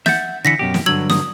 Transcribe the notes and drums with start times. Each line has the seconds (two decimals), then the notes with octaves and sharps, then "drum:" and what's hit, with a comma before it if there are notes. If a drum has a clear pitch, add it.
0.06 E5 F#5 G6 A6, drum: snare
0.45 D3 E3 A#6 B6 C#7
0.59 F#2 B2 G4
0.74 drum: snare
0.86 G2 D3 F#3 E6 G#6 F#7
1.10 D#6, drum: snare